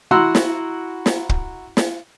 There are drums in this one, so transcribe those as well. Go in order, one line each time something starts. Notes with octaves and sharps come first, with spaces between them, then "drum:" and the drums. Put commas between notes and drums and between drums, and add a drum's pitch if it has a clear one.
E4 F#4 F#5 A#5 C6 E6
drum: snare
drum: snare
drum: kick
drum: snare